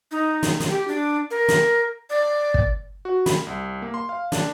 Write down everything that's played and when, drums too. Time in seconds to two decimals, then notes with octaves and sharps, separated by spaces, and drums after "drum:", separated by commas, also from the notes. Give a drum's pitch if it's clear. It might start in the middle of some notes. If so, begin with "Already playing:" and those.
0.11 D#4
0.43 drum: snare
0.60 drum: snare
0.69 G4
0.88 D4
1.31 A#4
1.48 drum: snare
2.10 D5
2.54 drum: kick
3.05 F#4
3.26 B5, drum: snare
3.47 C2
3.82 A#3
3.94 C6
4.09 F5
4.32 D4, drum: snare